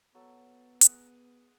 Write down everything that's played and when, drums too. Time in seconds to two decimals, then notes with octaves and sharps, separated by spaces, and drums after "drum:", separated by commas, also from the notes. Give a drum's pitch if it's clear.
0.15 F#3 B3 A4
0.81 G#4 F#5, drum: hi-hat